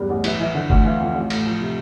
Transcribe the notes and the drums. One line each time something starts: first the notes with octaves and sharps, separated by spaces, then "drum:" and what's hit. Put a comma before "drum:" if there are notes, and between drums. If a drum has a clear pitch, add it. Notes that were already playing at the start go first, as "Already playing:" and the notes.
Already playing: E2 G2
A1
E3, drum: cymbal
E3
D3
D2, drum: kick F#1
E3 F5
F2
A1
A2, drum: cymbal
F3
C3